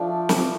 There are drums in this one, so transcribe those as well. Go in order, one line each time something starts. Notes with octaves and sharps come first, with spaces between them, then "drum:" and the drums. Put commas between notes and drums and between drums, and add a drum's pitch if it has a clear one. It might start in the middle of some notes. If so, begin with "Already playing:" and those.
Already playing: F3 A3 D4 D5
drum: snare